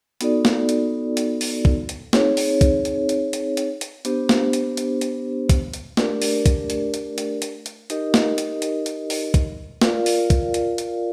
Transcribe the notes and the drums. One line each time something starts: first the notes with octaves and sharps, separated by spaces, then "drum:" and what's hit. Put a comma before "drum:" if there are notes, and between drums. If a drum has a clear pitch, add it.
B3 D#4 F#4 A4 D5, drum: hi-hat
drum: snare
drum: hi-hat
drum: hi-hat
drum: open hi-hat
drum: kick
drum: hi-hat
C4 D#4 G#4 C#5, drum: snare
drum: open hi-hat
drum: kick, hi-hat
drum: hi-hat
drum: hi-hat
drum: hi-hat
drum: hi-hat
drum: hi-hat
B3 D4 G4 C5, drum: hi-hat
drum: snare
drum: hi-hat
drum: hi-hat
drum: hi-hat
drum: kick, hi-hat
drum: hi-hat
A3 D4 G4 A#4 D5, drum: snare
drum: open hi-hat
drum: kick, hi-hat
drum: hi-hat
drum: hi-hat
drum: hi-hat
drum: hi-hat
drum: hi-hat
D#4 G4 A#4 D#5, drum: hi-hat
drum: snare
drum: hi-hat
drum: hi-hat
drum: hi-hat
drum: open hi-hat
drum: kick, hi-hat
F4 A#4 D5 F5, drum: snare
drum: open hi-hat
drum: kick, hi-hat
drum: hi-hat
drum: hi-hat